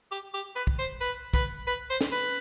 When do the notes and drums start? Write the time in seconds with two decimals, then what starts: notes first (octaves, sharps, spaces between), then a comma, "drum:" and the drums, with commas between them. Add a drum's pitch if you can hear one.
0.11 G4
0.34 G4
0.56 B4
0.67 drum: kick
0.79 C5
1.01 B4
1.34 B4, drum: kick
1.67 B4
1.90 C5
2.01 drum: snare
2.12 B4